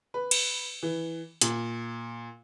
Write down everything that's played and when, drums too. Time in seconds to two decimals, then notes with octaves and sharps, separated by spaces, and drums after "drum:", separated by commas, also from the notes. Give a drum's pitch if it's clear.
0.14 B4
0.31 drum: cymbal
0.83 E3
1.41 A#2, drum: hi-hat